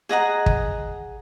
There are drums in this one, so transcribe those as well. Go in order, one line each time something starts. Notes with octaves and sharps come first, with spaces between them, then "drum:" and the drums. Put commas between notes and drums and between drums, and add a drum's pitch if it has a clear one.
G#4 D#5 F#5 A#5
drum: kick